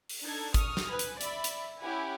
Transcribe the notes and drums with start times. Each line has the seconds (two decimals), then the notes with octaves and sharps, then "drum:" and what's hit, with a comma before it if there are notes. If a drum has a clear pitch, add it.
0.09 drum: open hi-hat
0.24 D4 D#4 A4 G#6
0.54 C#6 D#6 F6, drum: kick, hi-hat
0.77 drum: snare
0.88 B4 G#5
0.99 drum: hi-hat
1.21 D5 E5 B5, drum: hi-hat
1.44 drum: hi-hat
1.81 C#4 E4 G4 F#5 G#5 B5